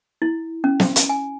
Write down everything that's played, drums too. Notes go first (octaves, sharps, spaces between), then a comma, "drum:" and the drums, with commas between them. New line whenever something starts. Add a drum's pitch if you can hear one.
E4
C#4
drum: snare
drum: hi-hat
G#5